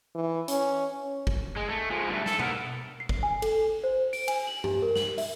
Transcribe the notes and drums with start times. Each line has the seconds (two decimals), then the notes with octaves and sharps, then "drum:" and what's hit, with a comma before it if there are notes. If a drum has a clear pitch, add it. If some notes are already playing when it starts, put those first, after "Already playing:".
0.15 E3
0.48 C#4, drum: hi-hat
1.27 drum: kick
1.56 G#3
1.69 A3
1.90 F3 G#3
2.08 G2 A3
2.26 A4, drum: snare
2.39 B3 A#4, drum: tom B2
3.00 C7
3.09 drum: kick
3.23 G#5
3.42 A4, drum: cymbal
3.84 C5
4.13 D7, drum: open hi-hat
4.28 G#5, drum: cymbal
4.47 F#7
4.64 G4, drum: tom G2
4.82 A#4
4.96 F#7, drum: snare
5.18 E5, drum: open hi-hat